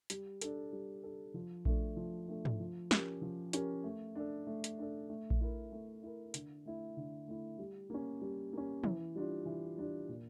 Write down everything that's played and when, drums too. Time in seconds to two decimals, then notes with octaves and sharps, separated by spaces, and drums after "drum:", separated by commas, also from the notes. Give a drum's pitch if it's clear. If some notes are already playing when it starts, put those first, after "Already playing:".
0.10 G3, drum: hi-hat
0.41 D4 A4, drum: hi-hat
0.73 G3
1.03 D4 A4
1.34 F3
1.65 A3 D4 A4, drum: kick A#1
1.97 F3
2.28 A3 D4 A4
2.45 drum: tom
2.60 F3
2.91 C#4 G4 A#4, drum: snare
3.22 F3
3.53 C#4 G4 A#4, drum: hi-hat
3.84 A3
4.15 D4 A4
4.47 A3
4.64 drum: hi-hat
4.79 D4 A4
5.09 A3
5.30 drum: kick A#1
5.41 E4 A#4
5.72 A3
6.03 E4 A#4
6.34 D3, drum: hi-hat
6.65 A3 E4
6.97 D3
7.28 A3 E4
7.59 G3
7.90 A#3 C#4
8.21 G3
8.53 A#3 C#4
8.84 E3, drum: tom
9.15 G3 D4 F4
9.45 E3
9.77 G3 D4 F4
10.08 A#2